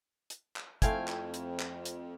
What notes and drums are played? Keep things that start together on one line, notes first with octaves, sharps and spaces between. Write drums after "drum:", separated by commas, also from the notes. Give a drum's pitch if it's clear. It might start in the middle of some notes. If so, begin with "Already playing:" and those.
drum: hi-hat
drum: clap
F2 A3 C4 E4 F5 G5 G#5, drum: kick, hi-hat
drum: clap
drum: hi-hat
drum: clap
drum: hi-hat